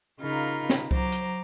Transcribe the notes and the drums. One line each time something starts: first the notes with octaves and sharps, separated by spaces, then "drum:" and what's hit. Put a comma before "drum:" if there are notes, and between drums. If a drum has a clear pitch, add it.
C#3 D#4 F4 A#4 B5
drum: snare
F#3 C5 A#5 D6, drum: kick C2
drum: hi-hat